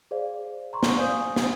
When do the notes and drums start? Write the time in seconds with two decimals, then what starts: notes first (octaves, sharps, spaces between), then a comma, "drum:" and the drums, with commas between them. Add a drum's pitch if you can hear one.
0.11 G#4 C5 D5 F5
0.73 A#5 C6 C#6
0.83 drum: snare
0.97 C5 D5 F5 G#5 D#6 G6
1.36 drum: snare